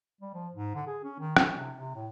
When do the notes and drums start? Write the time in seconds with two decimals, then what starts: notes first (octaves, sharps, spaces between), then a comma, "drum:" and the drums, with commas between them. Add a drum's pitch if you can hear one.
0.21 G3
0.34 F3
0.54 G#2
0.75 D3
0.87 G#4
1.04 C#4
1.19 D#3
1.37 C#4, drum: rim click
1.57 C3
1.77 C3
1.95 A2